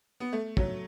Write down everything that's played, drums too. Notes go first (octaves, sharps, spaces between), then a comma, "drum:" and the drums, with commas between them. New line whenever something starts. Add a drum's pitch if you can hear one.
B3
A3
F#3, drum: kick